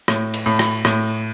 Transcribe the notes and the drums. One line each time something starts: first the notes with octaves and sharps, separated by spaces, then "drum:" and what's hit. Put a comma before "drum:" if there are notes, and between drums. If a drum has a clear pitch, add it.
A2, drum: rim click
drum: cymbal
A2
drum: rim click
A2, drum: rim click